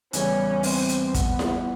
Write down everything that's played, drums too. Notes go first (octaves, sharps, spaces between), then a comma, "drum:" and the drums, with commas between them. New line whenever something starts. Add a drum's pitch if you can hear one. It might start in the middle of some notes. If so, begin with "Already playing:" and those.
E2 C#3 E3 G3 C#4, drum: hi-hat
C4, drum: open hi-hat
drum: hi-hat
B3, drum: kick, hi-hat
drum: snare E4